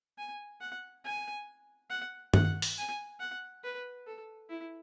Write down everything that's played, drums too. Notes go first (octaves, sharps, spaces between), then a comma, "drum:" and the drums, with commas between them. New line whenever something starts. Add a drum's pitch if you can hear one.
G#5
F#5
G#5
F#5
F#5, drum: tom G2
drum: open hi-hat
G#5
F#5
B4
A4
E4